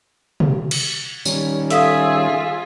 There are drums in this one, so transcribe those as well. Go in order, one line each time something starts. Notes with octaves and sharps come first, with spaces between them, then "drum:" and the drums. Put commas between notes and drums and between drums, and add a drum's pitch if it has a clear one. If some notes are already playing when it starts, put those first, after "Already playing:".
drum: tom B2
drum: cymbal
D#3 G3 C#4, drum: tambourine
F4 G#4 A4 E5 F5 D#6, drum: hi-hat